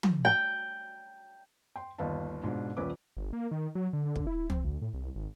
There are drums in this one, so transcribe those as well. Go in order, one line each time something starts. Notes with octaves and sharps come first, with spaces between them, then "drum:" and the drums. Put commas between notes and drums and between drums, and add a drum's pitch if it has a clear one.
drum: tom
G5
G5 C6
G1 D#2 B4 D#5 F5 A5
G#2 B2 D4 F4
D#1 A#1 C#4 B4 D6
G1
A#3
D#3
F#3
D3
D3
drum: kick
E4
C4, drum: tom
D2
A2
C2
G#1